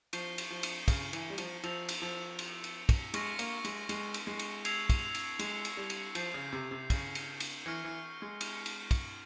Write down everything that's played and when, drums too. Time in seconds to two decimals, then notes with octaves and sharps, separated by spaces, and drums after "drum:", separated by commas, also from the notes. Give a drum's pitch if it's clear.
0.13 F3 C#6 G6 C7 G7, drum: cymbal
0.38 drum: cymbal
0.51 F3
0.63 drum: cymbal
0.88 C#3, drum: kick, cymbal
1.13 E3, drum: cymbal
1.30 G3
1.38 F3, drum: cymbal
1.63 F3 E6 A#6 F7, drum: cymbal
1.89 drum: cymbal
2.02 F3
2.39 drum: cymbal
2.64 drum: cymbal
2.89 drum: kick, cymbal
3.14 G#3 C#6 F6 A#6, drum: cymbal
3.39 A#3, drum: cymbal
3.65 G#3, drum: cymbal
3.89 G#3, drum: cymbal
4.14 drum: cymbal
4.27 G#3
4.39 drum: cymbal
4.65 E6 G#6 C7 F7, drum: cymbal
4.90 drum: kick, cymbal
5.15 drum: cymbal
5.39 G#3, drum: cymbal
5.65 drum: cymbal
5.77 G3
5.90 drum: cymbal
6.15 F3 E6 G6 C7, drum: cymbal
6.34 C#3
6.53 C3
6.71 C3
6.90 C#3, drum: kick, cymbal
7.15 drum: cymbal
7.40 drum: cymbal
7.65 E3 C#6 F6 A#6 C#7
7.84 E3
8.22 G#3
8.41 drum: cymbal
8.66 drum: cymbal
8.91 drum: kick, cymbal